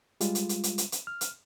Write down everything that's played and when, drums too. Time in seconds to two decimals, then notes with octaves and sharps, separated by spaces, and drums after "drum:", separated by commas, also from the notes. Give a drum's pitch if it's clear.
0.21 G3 G#3 F4, drum: hi-hat
0.35 drum: hi-hat
0.49 drum: hi-hat
0.64 drum: hi-hat
0.78 drum: hi-hat
0.92 drum: hi-hat
1.07 F6
1.21 drum: hi-hat